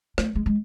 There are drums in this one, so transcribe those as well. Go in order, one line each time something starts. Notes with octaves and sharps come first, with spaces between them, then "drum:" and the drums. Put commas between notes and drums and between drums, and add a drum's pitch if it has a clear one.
A3, drum: rim click
G#3
G#3